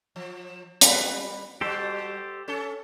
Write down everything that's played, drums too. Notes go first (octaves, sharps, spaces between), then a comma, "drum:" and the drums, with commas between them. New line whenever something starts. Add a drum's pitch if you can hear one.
F3
G3 B4, drum: hi-hat
G3 F#4 G4 A4 C5
C#4 A4